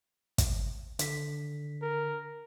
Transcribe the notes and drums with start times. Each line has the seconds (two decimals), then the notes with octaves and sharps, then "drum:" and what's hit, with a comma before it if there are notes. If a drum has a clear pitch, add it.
0.38 drum: kick, hi-hat
0.99 D3 B6, drum: hi-hat
1.82 A#4